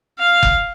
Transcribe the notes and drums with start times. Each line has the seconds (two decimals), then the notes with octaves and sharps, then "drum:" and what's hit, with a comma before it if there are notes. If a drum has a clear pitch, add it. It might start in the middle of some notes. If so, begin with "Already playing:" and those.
0.18 F5
0.43 drum: kick F#1